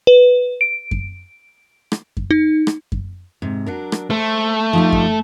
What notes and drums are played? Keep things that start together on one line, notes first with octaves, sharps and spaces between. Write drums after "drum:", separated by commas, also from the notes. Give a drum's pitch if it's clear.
B4
D7
drum: kick F#2
drum: rim click
drum: kick F#2
D#4
drum: rim click
drum: kick F#2
G#2 C3
F#3 D4 A#4
drum: rim click
A3 C5
F3 D#4 G4
drum: kick F#2